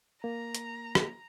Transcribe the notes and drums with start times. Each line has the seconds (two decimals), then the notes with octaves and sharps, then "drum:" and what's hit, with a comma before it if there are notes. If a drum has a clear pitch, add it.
0.24 A#3 A#5
0.55 drum: hi-hat
0.95 drum: rim click